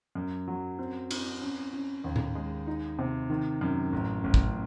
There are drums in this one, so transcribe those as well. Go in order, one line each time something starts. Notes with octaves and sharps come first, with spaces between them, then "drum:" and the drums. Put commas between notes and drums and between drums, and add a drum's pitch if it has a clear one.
F#2
F#3
C4
C4, drum: cymbal
C#4
C#4
D#2
drum: tom A#2
G#3
D#4
C3
D#3
F#2
A1
A1
drum: kick